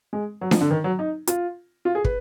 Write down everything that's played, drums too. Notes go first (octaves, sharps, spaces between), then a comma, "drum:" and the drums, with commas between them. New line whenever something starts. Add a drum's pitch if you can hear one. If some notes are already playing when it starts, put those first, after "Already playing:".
G#3
F#3
F3, drum: snare D4
D3
D#3
F#3
D#4
F4, drum: hi-hat
F4
G#4
B4, drum: kick